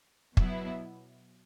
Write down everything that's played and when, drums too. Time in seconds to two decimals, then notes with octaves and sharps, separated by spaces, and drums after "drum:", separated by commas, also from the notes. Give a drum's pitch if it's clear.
0.37 B2 F#3 B3 E4, drum: kick